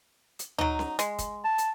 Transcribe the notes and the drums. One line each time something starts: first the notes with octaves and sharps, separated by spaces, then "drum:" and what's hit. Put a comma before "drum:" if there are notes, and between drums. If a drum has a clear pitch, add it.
drum: hi-hat
F#3 D#4, drum: tom
drum: snare C#4
G#3, drum: hi-hat
drum: kick, hi-hat
A5
drum: hi-hat